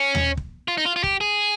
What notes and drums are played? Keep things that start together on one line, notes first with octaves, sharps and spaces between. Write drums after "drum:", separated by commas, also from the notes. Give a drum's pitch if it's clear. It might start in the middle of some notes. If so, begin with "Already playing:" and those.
Already playing: C#4
drum: tom D#2
drum: kick
F4
D#4
F4
F4
G4, drum: kick
G#4